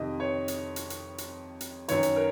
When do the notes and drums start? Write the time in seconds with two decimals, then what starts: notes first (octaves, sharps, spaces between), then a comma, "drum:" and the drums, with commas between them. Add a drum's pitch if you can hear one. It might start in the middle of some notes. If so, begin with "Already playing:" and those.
Already playing: F2 C3 D#3 D#5
0.20 C#5
0.48 drum: hi-hat
0.76 drum: hi-hat
0.90 drum: hi-hat
1.18 drum: hi-hat
1.61 drum: hi-hat
1.88 F#2 D#3 C#5, drum: hi-hat
2.03 drum: hi-hat
2.16 A#4